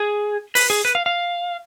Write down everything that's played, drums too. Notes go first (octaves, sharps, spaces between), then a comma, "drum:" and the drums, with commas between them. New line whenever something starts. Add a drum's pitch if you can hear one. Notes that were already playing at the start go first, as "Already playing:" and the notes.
Already playing: G#4
B4, drum: open hi-hat
G#4
B4
F5
F5